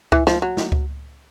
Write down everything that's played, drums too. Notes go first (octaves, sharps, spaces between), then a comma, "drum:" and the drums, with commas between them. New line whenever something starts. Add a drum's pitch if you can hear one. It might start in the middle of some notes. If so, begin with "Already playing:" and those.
E3, drum: kick C#2
F3, drum: snare
F#3
drum: snare
drum: kick C#2